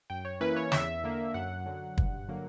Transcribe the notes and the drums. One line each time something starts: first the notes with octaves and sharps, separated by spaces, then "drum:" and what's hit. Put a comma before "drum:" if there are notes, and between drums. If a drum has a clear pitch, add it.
F#2 G5
C#5
E3 A#3 C#4 E4 B4
C#5
E2 E5, drum: snare
D3 A#3
F#2 F#5
D3 F#3
G2, drum: kick
D3 F#3 A#3